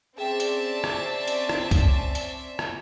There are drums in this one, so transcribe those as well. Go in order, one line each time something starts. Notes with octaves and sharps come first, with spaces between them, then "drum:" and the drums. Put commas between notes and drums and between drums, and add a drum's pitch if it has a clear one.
C4 C#4 G#4 D5 E5 G5 A5
drum: hi-hat
drum: rim click
drum: hi-hat
drum: rim click
drum: kick C2, hi-hat
drum: hi-hat
drum: rim click